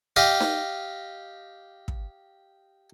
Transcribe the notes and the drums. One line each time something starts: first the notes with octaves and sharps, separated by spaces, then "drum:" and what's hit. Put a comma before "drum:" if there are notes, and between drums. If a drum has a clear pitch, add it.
G4 D#5 F5
drum: snare D#4
drum: kick